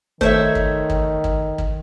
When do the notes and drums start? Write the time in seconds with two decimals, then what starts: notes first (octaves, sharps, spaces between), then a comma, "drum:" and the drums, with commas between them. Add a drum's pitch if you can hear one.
0.21 D#3 A3 C5 C#5 E5, drum: kick
0.55 drum: kick
0.90 drum: kick
1.24 drum: kick
1.58 drum: kick